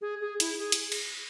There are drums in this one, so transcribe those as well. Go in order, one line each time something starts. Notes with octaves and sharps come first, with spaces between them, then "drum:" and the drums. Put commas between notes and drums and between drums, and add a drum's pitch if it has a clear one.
G#4
G#4
E4, drum: hi-hat
G#4
drum: hi-hat
drum: cymbal